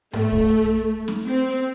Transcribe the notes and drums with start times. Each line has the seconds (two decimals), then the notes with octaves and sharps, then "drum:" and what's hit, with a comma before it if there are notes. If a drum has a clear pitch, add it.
0.13 A3, drum: tom G2
0.32 drum: kick
1.08 drum: snare C#4
1.26 C4